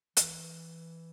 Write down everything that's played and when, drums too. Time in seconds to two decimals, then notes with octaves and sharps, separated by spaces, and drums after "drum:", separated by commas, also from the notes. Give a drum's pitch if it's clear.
0.17 E3, drum: hi-hat